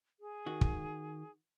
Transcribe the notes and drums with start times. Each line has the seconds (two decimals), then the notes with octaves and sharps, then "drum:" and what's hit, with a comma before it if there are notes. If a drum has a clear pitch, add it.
0.20 G#4
0.46 D#3 F#4
0.61 drum: kick